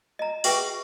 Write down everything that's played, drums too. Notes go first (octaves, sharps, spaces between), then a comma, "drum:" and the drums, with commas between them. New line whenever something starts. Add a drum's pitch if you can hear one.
D#5 A#5
F#4 G#4 B4 E5 G5, drum: open hi-hat